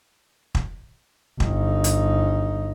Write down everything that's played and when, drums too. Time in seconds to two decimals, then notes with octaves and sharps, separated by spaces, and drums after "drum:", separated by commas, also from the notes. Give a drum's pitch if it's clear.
0.55 drum: kick
1.40 G1 D#4, drum: kick
1.84 drum: hi-hat